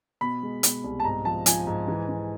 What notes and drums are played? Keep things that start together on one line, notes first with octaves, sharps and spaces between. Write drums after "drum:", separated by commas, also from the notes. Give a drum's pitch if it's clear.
B2 B5
G#3
B2, drum: hi-hat
C2
A5
G#2 A#5
F3 A5
F3 G#5, drum: hi-hat
G#2
E3
E3